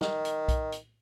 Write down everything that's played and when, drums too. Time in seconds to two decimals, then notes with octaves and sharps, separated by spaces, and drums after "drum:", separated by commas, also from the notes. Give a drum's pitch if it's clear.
0.01 D#3, drum: snare
0.25 drum: hi-hat
0.48 drum: kick B1, hi-hat
0.72 drum: hi-hat